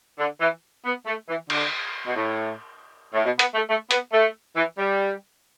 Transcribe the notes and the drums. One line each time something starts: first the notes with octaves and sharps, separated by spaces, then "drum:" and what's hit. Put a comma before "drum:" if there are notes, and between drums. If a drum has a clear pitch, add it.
D3
E3
B3
A3
E3
D3, drum: cymbal
B2
A2
A2
B2
B3, drum: hi-hat
A3
A3
B3, drum: hi-hat
A3
E3
G3